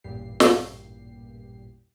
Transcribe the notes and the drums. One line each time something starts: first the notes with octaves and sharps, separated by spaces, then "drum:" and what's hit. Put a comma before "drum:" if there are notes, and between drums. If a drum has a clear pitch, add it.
A1 E2 G2 A#2 G4 C7
drum: snare